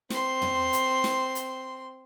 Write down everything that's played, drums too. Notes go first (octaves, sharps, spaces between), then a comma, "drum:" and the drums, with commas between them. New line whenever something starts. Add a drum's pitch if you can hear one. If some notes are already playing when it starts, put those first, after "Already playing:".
C4 C6, drum: snare
drum: tom
drum: hi-hat
drum: snare
drum: hi-hat